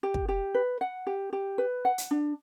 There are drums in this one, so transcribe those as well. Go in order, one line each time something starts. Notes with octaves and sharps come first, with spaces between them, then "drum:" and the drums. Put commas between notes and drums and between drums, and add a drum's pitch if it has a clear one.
G4
drum: kick
G4
B4
F#5
G4
G4
B4
F#5
drum: hi-hat
D4